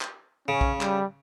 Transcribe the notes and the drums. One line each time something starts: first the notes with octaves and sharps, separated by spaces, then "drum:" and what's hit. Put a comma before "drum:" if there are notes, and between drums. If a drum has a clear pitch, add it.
drum: clap
C#3 C#4
drum: kick A#1
G3, drum: clap